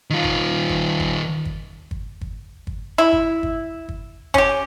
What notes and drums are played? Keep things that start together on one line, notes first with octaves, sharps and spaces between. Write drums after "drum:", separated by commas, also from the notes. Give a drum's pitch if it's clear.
D#3 F4
drum: kick
drum: kick
drum: kick
drum: kick
drum: kick
drum: kick
drum: kick
E4
drum: kick
drum: kick
drum: kick
C#4 G4, drum: kick